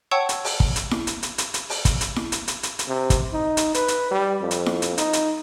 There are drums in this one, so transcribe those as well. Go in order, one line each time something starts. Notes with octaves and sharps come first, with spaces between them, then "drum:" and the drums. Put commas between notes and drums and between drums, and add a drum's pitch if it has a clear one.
C#5 F#5 G5 A5 C#6 E6
drum: hi-hat
drum: open hi-hat
drum: kick
drum: hi-hat
drum: snare E4
drum: hi-hat
drum: hi-hat
drum: hi-hat
drum: hi-hat
drum: open hi-hat
drum: kick, hi-hat
drum: hi-hat
drum: snare E4
drum: hi-hat
drum: hi-hat
drum: hi-hat
drum: hi-hat
C3
drum: kick, hi-hat
D#4
drum: hi-hat
B4, drum: hi-hat
drum: hi-hat
G3
F2
drum: hi-hat
drum: snare E4
drum: hi-hat
D#4, drum: hi-hat
drum: hi-hat